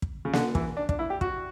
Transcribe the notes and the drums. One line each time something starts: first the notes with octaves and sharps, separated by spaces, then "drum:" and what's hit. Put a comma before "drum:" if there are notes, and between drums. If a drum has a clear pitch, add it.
drum: kick
C#3
D3, drum: snare A#3
E3, drum: kick
D4
D4, drum: kick
E4
G4
F#4, drum: kick